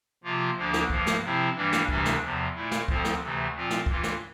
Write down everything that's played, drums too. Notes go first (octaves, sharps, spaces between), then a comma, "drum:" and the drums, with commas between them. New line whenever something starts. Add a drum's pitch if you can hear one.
C3 F3 A#3 F4
D2 D3 F3 A#3 D4
drum: snare
G2 F3 A#3, drum: kick C2
drum: snare
C3 F3 C4 E4
G2 E3 G3 A#3 D4
drum: snare
D2 C3 E3 G3 D4, drum: kick C2
drum: snare
E2 C3 F3
A#2 A3 E4
drum: snare
D2 D3 F3 C4, drum: kick C2
drum: snare
D2 C3 E3 A3
A#2 F3 C4 F4
drum: snare
G2 E3 A#3 F4, drum: kick C2
drum: snare